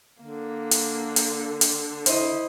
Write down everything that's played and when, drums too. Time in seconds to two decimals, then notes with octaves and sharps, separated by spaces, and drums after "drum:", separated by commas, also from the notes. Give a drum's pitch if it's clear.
0.22 D3 A#3
0.71 drum: hi-hat
1.16 drum: hi-hat
1.61 drum: hi-hat
2.06 E4 C5 D#5, drum: hi-hat